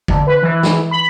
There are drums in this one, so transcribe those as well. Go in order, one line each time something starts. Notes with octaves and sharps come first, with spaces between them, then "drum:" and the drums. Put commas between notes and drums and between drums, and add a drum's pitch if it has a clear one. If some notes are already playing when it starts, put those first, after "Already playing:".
D3, drum: kick
B4
E3
drum: snare
B5